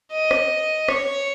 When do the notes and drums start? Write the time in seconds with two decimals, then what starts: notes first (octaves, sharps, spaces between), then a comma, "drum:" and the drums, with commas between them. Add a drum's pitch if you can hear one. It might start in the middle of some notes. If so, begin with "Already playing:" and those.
0.12 D#5
0.31 drum: rim click
0.88 C#5, drum: rim click